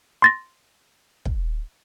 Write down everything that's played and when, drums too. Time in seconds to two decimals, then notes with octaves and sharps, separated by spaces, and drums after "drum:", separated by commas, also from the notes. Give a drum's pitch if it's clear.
0.22 C6 A6 A#6
1.25 drum: kick